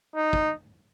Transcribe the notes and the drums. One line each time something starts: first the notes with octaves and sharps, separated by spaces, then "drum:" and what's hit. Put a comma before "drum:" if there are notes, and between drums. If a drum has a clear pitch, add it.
D#4
drum: kick